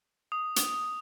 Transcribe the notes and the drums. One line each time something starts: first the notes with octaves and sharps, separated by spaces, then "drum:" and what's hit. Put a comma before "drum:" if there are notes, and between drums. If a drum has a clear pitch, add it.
D#6
drum: hi-hat